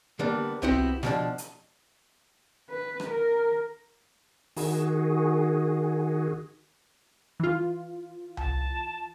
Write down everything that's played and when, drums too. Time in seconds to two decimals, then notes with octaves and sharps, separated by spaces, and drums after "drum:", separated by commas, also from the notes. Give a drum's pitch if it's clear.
0.19 D3 G3 A#3 B3 D4
0.62 B3 C4 E4 F#4 G4, drum: tom C2
1.03 B2 F3 D4, drum: snare
1.38 drum: hi-hat
2.70 B4
3.00 drum: rim click
3.09 A#4
4.57 D#3 F#4 G#4, drum: open hi-hat
7.40 E3 F4
8.37 A5, drum: tom C2